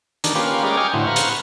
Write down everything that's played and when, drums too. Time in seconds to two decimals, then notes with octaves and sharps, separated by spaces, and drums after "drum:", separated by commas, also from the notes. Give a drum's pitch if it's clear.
0.24 D#3 D4, drum: hi-hat
0.35 A#3 C#4 F4 G4 B4
0.63 G#3 C#4 A#4 D5 G5
0.77 D#5 G5 G#5 C#6 D6 F6
0.94 A2 D3 E4 F#4 C5
1.07 B4 C5 F5 F#5 A#5 C#6
1.16 drum: hi-hat